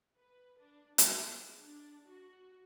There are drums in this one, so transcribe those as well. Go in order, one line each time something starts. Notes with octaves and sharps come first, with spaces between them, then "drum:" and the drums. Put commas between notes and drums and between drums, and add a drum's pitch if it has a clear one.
B4
D4
G#4, drum: hi-hat
D4
F#4